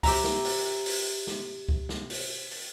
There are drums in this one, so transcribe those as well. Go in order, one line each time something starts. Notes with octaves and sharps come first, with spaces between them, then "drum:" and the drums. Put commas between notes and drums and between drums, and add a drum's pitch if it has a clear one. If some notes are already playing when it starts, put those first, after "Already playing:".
G4 E5 A#5, drum: kick C#2, open hi-hat
drum: snare
drum: open hi-hat
drum: open hi-hat
drum: snare
drum: kick C#2
drum: snare
drum: open hi-hat
drum: open hi-hat